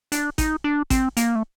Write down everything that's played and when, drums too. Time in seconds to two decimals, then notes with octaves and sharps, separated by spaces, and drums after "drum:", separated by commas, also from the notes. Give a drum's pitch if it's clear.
0.12 D4, drum: hi-hat
0.38 D#4, drum: kick, hi-hat
0.64 D4
0.90 C4, drum: kick, hi-hat
1.17 A#3, drum: hi-hat
1.35 A3